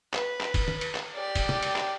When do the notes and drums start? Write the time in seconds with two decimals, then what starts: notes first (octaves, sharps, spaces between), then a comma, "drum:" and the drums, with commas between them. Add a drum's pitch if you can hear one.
0.14 B4, drum: clap
0.41 drum: clap
0.54 drum: kick, cymbal
0.68 drum: tom D#3
0.81 drum: cymbal
0.95 drum: clap
1.16 G4 D5
1.35 drum: kick, cymbal
1.49 drum: tom
1.63 drum: cymbal
1.76 drum: clap